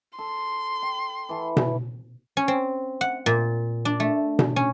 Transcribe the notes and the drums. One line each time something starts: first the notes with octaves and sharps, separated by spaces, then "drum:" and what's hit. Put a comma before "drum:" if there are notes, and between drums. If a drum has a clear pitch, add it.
A4 C6
G5
E3 A4
drum: tom B2
C#4
C4
F#5
A#2
D4
A3
drum: tom B2
C#4